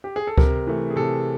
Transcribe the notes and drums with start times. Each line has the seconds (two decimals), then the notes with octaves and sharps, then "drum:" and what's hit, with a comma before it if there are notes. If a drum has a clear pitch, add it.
0.04 G4
0.16 G#4
0.27 A4
0.38 C3 A#4, drum: kick C#2
0.67 E3 A3
0.90 G#4
0.96 C3 A4